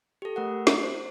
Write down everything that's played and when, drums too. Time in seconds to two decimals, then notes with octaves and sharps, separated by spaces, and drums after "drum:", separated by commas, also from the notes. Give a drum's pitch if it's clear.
0.22 G4 A4
0.36 A3 A#4 F#5
0.67 drum: snare
0.83 C5